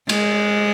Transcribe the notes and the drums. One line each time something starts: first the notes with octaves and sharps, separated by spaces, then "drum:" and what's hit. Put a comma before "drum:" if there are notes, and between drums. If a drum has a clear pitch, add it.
G#3, drum: cymbal